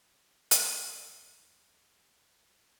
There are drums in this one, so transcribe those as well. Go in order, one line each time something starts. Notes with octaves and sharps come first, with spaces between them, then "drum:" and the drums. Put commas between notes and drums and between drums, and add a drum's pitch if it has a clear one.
D#1 F#2, drum: hi-hat